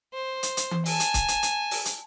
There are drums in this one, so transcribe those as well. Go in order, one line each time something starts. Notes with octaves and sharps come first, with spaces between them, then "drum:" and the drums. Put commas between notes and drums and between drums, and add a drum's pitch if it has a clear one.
C5
drum: hi-hat
drum: hi-hat
drum: tom E3
G#5 A5, drum: open hi-hat
drum: hi-hat
drum: kick C#1, hi-hat
drum: hi-hat
drum: hi-hat
drum: open hi-hat
drum: hi-hat